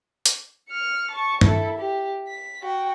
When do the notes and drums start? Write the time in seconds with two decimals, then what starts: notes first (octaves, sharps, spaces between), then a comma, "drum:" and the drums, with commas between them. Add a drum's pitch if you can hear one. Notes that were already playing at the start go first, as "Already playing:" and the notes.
0.26 drum: hi-hat
0.69 F6 C#7
1.11 A5 C#6
1.41 E4 A4, drum: tom G2
1.79 G4
2.28 B6
2.62 F#4 G5